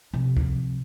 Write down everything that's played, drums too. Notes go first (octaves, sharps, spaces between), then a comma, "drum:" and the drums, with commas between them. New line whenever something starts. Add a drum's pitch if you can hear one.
C3 F3
drum: kick C#2